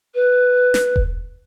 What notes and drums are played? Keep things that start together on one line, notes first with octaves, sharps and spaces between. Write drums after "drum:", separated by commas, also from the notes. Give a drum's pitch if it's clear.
B4
drum: snare
drum: kick E1